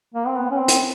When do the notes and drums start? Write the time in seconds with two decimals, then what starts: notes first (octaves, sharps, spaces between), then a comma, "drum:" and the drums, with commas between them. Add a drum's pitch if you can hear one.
0.14 A#3
0.27 C4
0.36 B3
0.51 C#4
0.58 C4
0.68 drum: hi-hat